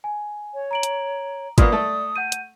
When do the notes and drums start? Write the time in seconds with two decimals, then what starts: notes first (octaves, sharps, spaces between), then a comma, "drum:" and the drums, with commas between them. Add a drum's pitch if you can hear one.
0.04 G#5
0.54 C#5
0.71 A#5 D7 F#7
0.83 drum: hi-hat
1.58 A#2 A#3 B3 D5 D#6, drum: kick, hi-hat
1.72 A3 A4
2.16 F#5 G6 D#7
2.32 drum: hi-hat